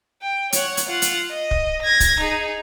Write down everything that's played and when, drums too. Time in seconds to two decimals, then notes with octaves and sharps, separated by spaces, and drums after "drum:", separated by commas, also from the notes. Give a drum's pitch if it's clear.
0.22 G5
0.53 C#5 F#5, drum: hi-hat
0.77 drum: hi-hat
0.87 F4 F#5
1.02 drum: hi-hat
1.31 D#5
1.51 drum: kick
1.82 G#6 A#6
2.00 drum: kick, hi-hat
2.20 D#4 G#4